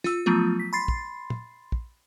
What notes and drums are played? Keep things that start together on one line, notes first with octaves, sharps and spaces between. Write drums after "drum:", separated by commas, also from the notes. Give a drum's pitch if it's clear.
F4 E6, drum: snare
F3 F#3 A3 B3 F4
B6
B5 C6 A6 C7
drum: kick
drum: tom
drum: kick